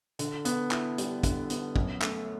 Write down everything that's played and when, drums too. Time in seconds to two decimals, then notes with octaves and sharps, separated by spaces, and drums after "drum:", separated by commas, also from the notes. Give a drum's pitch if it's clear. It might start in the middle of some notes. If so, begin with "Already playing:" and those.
0.19 D3, drum: hi-hat
0.45 B3, drum: hi-hat
0.71 E4, drum: clap
0.98 G3, drum: hi-hat
1.23 D3, drum: kick, hi-hat
1.50 B3, drum: hi-hat
1.76 F#2, drum: kick
2.02 A3, drum: clap